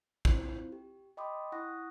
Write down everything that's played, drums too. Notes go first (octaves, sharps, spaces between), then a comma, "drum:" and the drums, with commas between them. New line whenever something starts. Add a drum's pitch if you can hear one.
C4 E4 F4 C5, drum: kick
G4
D#5 G5 B5 C6 D6 D#6
E4 F#5 C#6 D#6 F#6 A#6